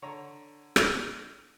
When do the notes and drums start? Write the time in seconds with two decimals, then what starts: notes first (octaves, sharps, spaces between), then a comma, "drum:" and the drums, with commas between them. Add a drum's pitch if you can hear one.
0.02 D3 C#5 A#5
0.76 drum: rim click